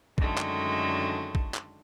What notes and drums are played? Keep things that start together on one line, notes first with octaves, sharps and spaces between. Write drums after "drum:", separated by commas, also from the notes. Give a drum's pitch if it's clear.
F#2 D3 D#3 G#3 A3 D4, drum: kick
drum: clap
drum: kick
drum: clap